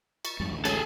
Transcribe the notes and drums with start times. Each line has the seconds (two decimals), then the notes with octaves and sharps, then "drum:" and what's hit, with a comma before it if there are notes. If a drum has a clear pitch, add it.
0.25 C#6 A6, drum: cymbal
0.40 F2 G#2 G3
0.52 A1 D2
0.65 G#3 C#4 G#4 A4, drum: cymbal